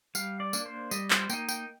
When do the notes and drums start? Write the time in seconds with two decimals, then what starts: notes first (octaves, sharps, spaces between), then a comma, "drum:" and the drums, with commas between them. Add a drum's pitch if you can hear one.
0.15 G3 F5, drum: tambourine
0.40 D5
0.53 A#3 D4, drum: tambourine
0.66 C5
0.91 G3 D#5, drum: tambourine
1.10 C5, drum: clap
1.30 A#3 D#4 G5, drum: tambourine
1.49 G5, drum: tambourine